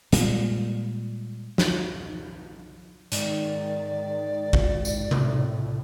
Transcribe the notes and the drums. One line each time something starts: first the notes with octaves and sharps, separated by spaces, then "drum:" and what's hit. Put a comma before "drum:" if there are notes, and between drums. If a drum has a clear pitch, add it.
A#2 G3 G#3, drum: hi-hat
drum: snare
G#2 D#3 D5, drum: hi-hat
drum: kick
drum: tambourine
A2, drum: tom C3